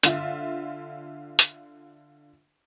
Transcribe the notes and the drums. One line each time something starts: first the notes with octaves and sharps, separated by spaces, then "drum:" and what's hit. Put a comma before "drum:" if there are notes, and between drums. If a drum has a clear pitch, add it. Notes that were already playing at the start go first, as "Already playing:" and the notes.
D3 F4 E5, drum: hi-hat
drum: hi-hat